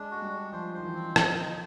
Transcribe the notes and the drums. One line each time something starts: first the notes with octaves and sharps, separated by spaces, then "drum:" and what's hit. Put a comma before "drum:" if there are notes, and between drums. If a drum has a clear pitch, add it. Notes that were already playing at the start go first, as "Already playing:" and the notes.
Already playing: G#3 D4
G#3 F#4
G3
D4
F3 C5
D#3 C5
E3
C4
F3 D#4, drum: rim click
D#4